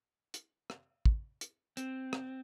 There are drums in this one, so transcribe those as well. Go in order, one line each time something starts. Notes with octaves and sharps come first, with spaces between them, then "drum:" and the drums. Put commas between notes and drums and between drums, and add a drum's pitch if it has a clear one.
drum: hi-hat
drum: rim click
drum: kick
drum: hi-hat
C4, drum: hi-hat
drum: rim click